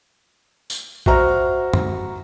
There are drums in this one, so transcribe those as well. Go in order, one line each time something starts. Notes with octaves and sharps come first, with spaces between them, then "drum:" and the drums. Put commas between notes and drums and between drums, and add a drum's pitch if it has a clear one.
drum: tambourine
F#4 C5 E5 A#5 F6, drum: kick A#1
drum: tom F#2